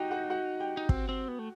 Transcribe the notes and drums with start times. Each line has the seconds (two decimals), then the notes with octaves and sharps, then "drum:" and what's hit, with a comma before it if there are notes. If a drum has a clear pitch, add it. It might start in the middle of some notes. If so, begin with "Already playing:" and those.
Already playing: D#4 F#4 G4 G5
0.11 F#4 F#5
0.30 F#4 F#5
0.60 G4 G5
0.77 D#4
0.89 C4, drum: kick
1.09 C4
1.28 B3
1.39 A3